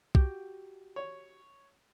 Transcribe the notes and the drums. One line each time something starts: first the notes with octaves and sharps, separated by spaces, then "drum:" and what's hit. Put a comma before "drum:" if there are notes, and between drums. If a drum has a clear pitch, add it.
F#4 G4, drum: kick
C#5